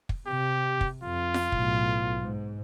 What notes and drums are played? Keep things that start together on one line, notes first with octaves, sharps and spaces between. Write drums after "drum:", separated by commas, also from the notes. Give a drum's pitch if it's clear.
drum: kick
C3 G4
drum: kick
F2 F4
drum: snare F4
B1 A2, drum: kick
G#2